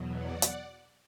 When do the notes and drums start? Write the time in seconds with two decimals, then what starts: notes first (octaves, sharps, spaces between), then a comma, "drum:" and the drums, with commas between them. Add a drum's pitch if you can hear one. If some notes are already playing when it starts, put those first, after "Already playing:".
Already playing: E2 B2 F#3
0.16 D5 F#5
0.42 drum: hi-hat